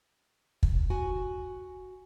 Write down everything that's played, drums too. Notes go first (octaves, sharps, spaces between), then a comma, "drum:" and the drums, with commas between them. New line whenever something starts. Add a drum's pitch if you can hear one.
drum: kick
F#4 G#5